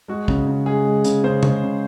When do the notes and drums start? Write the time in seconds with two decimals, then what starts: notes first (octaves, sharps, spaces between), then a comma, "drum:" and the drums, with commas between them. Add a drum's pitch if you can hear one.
0.08 G#3 F#4
0.28 C#3, drum: kick
0.47 C#3
0.66 G#3 G#4
0.85 G#3
1.04 C#3, drum: hi-hat
1.24 C#3 C5
1.43 G#3, drum: tom
1.63 C#3